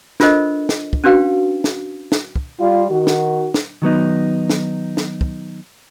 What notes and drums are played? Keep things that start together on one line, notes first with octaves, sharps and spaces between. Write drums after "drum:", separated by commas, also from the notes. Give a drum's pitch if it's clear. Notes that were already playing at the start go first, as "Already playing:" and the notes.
D4 F4 A4 A#4 C5 D#5, drum: snare
drum: snare
drum: kick
C#4 D4 F#4 B4 F5 G5
drum: snare
drum: snare
drum: kick
G3 F4
D#3 F#4
drum: snare
drum: snare
D#3 F#3 B3 D#4
drum: snare
drum: snare
drum: kick